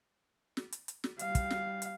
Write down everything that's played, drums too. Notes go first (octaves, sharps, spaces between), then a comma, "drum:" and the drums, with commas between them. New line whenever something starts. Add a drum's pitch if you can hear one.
drum: snare
drum: hi-hat
drum: hi-hat
drum: snare
G3 F5, drum: hi-hat
drum: kick, hi-hat
drum: snare
drum: hi-hat